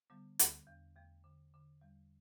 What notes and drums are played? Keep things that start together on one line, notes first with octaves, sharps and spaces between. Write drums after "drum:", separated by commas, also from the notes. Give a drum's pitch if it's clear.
D3 G3 B3
D3, drum: hi-hat
E2
E2 A3
D3
D3
E2 G3